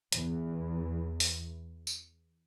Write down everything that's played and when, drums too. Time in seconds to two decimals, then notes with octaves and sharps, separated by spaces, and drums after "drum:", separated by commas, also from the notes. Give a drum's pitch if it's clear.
0.12 E2, drum: hi-hat
1.20 drum: open hi-hat
1.87 drum: tambourine